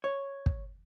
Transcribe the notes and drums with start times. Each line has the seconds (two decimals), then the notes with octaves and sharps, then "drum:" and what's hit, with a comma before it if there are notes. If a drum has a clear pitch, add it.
0.04 C#5
0.46 drum: kick